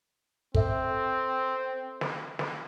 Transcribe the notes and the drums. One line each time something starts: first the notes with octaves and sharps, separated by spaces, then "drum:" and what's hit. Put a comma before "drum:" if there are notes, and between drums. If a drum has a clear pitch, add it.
C4 A4 E5, drum: kick
drum: snare
drum: snare